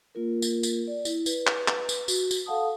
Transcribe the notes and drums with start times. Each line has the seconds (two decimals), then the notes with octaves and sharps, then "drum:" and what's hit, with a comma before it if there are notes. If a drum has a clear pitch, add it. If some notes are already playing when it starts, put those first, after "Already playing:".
0.15 A#3 F4 A#4
0.42 drum: tambourine
0.63 drum: tambourine
0.87 D5
1.05 E4, drum: tambourine
1.26 B4, drum: tambourine
1.47 drum: clap
1.68 drum: clap
1.89 drum: tambourine
2.08 F#4, drum: tambourine
2.31 drum: tambourine
2.46 A4 F5 F#5 A5 D#6